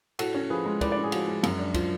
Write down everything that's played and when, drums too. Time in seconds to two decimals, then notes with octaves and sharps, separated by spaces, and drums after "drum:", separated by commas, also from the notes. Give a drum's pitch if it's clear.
0.19 A2 F#4 A4, drum: cymbal
0.34 C#4
0.40 A4
0.50 F3 G#4 B4
0.66 G#3
0.81 A2 B4 D5, drum: kick, cymbal
0.91 B4 D5
0.97 C#4
1.04 G#4
1.12 F3 F#4, drum: cymbal
1.28 G#3
1.43 F#2, drum: cymbal
1.59 D4
1.74 F3 F4, drum: kick, cymbal